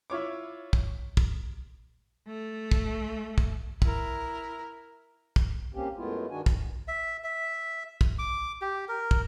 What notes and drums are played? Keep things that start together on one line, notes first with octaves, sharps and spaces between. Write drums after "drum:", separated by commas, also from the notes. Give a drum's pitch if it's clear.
E4 F4 C#5 D6
drum: kick
drum: kick
A3
drum: kick
drum: kick
E4 A#4, drum: kick
drum: kick
A#3 C4 C#4 G4
F#2 G#3 A3 B3 E4 F4
G2 D#3 D4 F#4 G#5
drum: kick
E5
E5
drum: kick
D6
G4
A#4
drum: kick